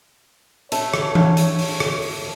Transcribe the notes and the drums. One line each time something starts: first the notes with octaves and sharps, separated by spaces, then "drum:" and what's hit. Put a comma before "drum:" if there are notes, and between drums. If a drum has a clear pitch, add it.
A3 C#5, drum: hi-hat
drum: rim click
drum: tom E3
drum: hi-hat
drum: open hi-hat
drum: rim click
drum: open hi-hat